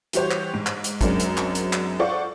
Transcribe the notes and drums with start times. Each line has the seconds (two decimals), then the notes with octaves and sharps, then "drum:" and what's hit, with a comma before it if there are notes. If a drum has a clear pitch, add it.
0.13 E3 G3 F#4 G4 C5 C#5, drum: hi-hat
0.31 drum: clap
0.54 G#2
0.67 drum: clap
0.84 drum: hi-hat
1.01 F#2 F#3 G#3 C4 D4 A#4, drum: kick, hi-hat
1.20 drum: hi-hat
1.37 drum: clap
1.55 drum: hi-hat
1.73 drum: clap
1.99 F4 A4 C5 D5 F#5 C#6